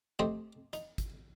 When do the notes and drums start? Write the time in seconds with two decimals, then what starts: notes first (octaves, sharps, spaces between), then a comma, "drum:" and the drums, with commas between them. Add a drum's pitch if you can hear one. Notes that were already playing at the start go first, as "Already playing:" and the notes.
0.19 A3 C4 G4 C5 D#5
0.73 D#4, drum: hi-hat
0.98 drum: kick, hi-hat